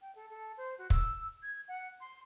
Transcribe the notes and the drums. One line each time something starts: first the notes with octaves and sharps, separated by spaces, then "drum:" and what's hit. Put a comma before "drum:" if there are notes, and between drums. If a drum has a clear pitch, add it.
G5
A4
A4
C5
F#4
E6, drum: kick
G#6
F#5
C6